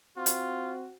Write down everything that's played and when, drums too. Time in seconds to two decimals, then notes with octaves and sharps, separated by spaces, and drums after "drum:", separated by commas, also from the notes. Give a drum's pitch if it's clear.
0.17 C4 F4 F#4
0.26 drum: hi-hat